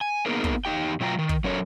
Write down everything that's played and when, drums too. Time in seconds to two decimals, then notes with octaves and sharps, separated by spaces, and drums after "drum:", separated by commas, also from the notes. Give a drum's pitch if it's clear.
0.01 G#5
0.26 A#3 B3 D#4 G#4 A#4
0.44 drum: kick
0.65 E2 D#4 G4 G5
1.00 B2 F#3 F4 G5 A5 A#5
1.19 D#3
1.29 drum: kick
1.44 F#3 C#4 A4 A#4 C#5